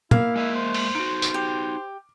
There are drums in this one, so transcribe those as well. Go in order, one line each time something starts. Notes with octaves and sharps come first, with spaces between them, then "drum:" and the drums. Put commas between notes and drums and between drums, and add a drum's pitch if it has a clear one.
A#3 E4 F5, drum: tom
G#3 E4 D#5 E5
C5
drum: open hi-hat
D#4 F#4 D7
drum: tambourine
G4